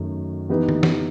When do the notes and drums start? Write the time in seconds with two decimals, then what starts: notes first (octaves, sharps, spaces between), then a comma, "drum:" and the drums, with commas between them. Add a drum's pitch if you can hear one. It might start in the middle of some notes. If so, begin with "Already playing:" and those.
Already playing: F#2 D#3 A3
0.49 E3 B3 D#4 G4 B4
0.69 drum: tom D3
0.83 drum: snare